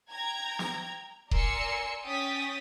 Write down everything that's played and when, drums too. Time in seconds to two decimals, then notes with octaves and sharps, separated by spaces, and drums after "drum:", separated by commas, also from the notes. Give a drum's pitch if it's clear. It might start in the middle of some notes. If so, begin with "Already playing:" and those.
0.11 G5 A#5 G#6
0.59 drum: snare
1.31 A#4 D5 G#5 C6 E6 C#7, drum: kick D#1
2.04 C#4 G5 D#6 A6 B6